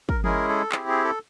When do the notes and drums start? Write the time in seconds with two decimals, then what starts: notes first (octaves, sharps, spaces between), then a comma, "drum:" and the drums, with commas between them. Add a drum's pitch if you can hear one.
0.09 A#4, drum: kick
0.24 G#3 C#4 E4 G#4 A#4, drum: tom E3
0.49 A4
0.72 C4 E4 G4 G#4, drum: clap
0.88 G#4
1.04 A4